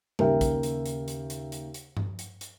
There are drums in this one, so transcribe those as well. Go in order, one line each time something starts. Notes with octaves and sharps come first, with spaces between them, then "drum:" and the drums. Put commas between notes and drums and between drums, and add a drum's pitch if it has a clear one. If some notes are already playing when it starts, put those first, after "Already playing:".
D#2 C#3 A#4 E5 G5, drum: tom G3
drum: kick, hi-hat
drum: hi-hat
drum: hi-hat
drum: hi-hat
drum: hi-hat
drum: hi-hat
drum: hi-hat
drum: tom G2
drum: hi-hat
drum: hi-hat